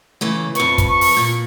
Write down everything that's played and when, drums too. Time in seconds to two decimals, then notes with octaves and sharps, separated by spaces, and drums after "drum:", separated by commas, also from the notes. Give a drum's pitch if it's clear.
0.21 C#3 E3 A3
0.55 F2 B4 C#6, drum: hi-hat
0.78 drum: kick, hi-hat
0.88 C#6
1.01 drum: open hi-hat
1.17 A#2